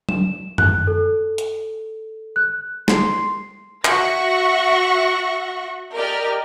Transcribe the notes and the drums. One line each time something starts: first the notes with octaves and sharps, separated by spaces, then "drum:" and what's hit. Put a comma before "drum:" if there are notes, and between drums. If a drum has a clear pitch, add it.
E7, drum: tom F#3
F#6, drum: tom F#2
A4
drum: hi-hat
F#6
C6, drum: snare
F#4 E5 F#5 C#6 A#6, drum: clap
G4 A#4 D5 D#5 F6